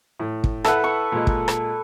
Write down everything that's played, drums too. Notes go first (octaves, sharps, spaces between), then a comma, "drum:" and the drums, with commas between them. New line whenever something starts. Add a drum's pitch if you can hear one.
A2
drum: kick
E4 A4 B4 F#5, drum: rim click
C#6
A#2 G#3
drum: kick
drum: rim click